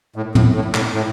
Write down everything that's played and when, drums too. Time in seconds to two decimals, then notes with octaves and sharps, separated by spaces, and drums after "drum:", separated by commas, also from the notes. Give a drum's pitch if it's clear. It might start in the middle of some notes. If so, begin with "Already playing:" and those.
0.16 A2
0.35 A2, drum: tom
0.55 A2
0.74 A2, drum: clap
0.94 A2